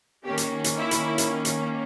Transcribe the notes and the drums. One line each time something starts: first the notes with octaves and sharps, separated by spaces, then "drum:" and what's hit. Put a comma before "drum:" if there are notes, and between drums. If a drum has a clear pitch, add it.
D#3 A#3 C#4 G4
drum: hi-hat
drum: hi-hat
E4
drum: hi-hat
drum: hi-hat
drum: hi-hat